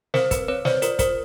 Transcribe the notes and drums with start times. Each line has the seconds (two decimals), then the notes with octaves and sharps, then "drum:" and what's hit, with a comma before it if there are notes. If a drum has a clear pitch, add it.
0.14 C4 A#4 C5, drum: snare
0.31 B4, drum: kick, hi-hat
0.48 C4 B4 C#5
0.65 C5 D5, drum: snare
0.82 F4 A#4 C5, drum: hi-hat
0.99 A#4 C5, drum: kick, hi-hat